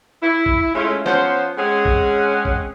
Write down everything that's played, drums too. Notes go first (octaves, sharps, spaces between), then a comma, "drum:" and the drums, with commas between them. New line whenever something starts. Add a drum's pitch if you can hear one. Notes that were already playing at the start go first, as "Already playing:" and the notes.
E4
drum: kick G#1
G#3 A3 C#4 E4 F4
F3 B3 C#4 C5, drum: snare
G#3 C4 C#4 G#4 F#5
drum: kick G#1
drum: kick G#1